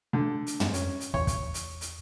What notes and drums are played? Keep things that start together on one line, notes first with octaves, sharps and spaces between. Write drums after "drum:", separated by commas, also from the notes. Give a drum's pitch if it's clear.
D3
drum: hi-hat
drum: tom
C#4, drum: hi-hat
drum: hi-hat
E2 C#5, drum: kick
drum: kick, hi-hat
drum: hi-hat
drum: hi-hat